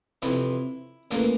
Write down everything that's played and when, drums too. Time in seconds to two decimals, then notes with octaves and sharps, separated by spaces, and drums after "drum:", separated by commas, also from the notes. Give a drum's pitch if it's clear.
0.22 F2 C3 E3 E4, drum: hi-hat
1.11 A1 A2 E3 A#3, drum: hi-hat